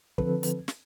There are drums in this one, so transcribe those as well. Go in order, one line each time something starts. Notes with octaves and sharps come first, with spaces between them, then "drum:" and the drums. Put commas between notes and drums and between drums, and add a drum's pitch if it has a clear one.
D3 F3 C4 A4 B4, drum: kick
drum: hi-hat
drum: snare